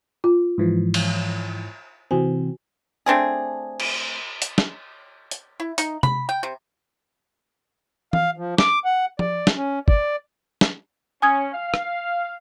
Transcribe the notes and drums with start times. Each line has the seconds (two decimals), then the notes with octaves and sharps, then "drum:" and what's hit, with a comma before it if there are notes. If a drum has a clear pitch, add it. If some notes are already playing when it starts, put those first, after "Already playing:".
0.24 F4
0.58 G#2 E3 F3
0.94 drum: cymbal
2.11 C3 E3 C4 F#4 G#5
3.06 A3 C4 D4 G#4
3.80 drum: cymbal
4.42 drum: hi-hat
4.58 drum: snare
5.31 drum: hi-hat
5.60 E4
5.78 D#4, drum: hi-hat
6.03 B5, drum: tom C3
6.29 G5
6.43 C3
8.13 F5, drum: tom E3
8.37 F3
8.58 D6, drum: snare
8.85 F#5
9.19 D5, drum: tom F3
9.47 drum: snare
9.57 C#4
9.88 D5, drum: kick
10.61 drum: snare
11.22 C#4 G#5 D#6 G#6
11.53 F5
11.74 drum: rim click